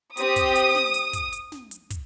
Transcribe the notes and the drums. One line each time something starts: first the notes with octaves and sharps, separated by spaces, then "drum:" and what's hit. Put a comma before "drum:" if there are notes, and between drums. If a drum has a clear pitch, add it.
C4 G4 D#6, drum: hi-hat
drum: kick, hi-hat
drum: hi-hat
drum: snare
drum: hi-hat
drum: kick, hi-hat
drum: hi-hat
drum: snare
drum: hi-hat
drum: kick, hi-hat